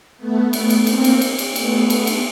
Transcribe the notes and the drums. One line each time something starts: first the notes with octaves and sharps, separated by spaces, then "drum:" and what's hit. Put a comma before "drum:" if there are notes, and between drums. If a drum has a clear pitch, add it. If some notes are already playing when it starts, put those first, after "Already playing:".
A3 B3
A3 B3, drum: cymbal
drum: cymbal
A#3 C4, drum: cymbal
drum: cymbal
drum: cymbal
drum: cymbal
A3 B3, drum: cymbal
drum: cymbal
drum: cymbal